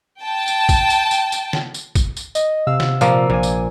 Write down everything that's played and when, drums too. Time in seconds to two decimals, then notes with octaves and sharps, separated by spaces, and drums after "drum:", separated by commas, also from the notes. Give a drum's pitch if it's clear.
0.20 G5 A5
0.48 drum: tambourine
0.69 drum: kick, tambourine
0.90 drum: tambourine
1.11 drum: tambourine
1.32 drum: tambourine
1.53 drum: snare
1.74 drum: tambourine
1.95 drum: kick, tambourine
2.17 drum: tambourine
2.35 D#5, drum: tambourine
2.67 C3 F5 E6
2.80 drum: snare
3.01 A#2 F3 A#3, drum: tambourine
3.30 A#1 A#2 G#5
3.43 drum: tambourine